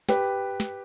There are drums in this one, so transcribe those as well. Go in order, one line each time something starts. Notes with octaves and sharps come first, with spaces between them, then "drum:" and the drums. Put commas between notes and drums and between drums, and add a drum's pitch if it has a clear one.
G4 B4, drum: snare
drum: snare